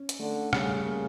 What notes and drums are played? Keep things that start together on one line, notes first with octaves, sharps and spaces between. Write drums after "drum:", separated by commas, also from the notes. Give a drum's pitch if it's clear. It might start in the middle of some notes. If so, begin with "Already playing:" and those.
Already playing: C#4
drum: hi-hat
D3 A3
C#3 G3, drum: rim click
A#3